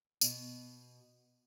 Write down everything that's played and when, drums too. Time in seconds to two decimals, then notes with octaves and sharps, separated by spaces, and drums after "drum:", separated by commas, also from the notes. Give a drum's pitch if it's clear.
0.21 B2, drum: tambourine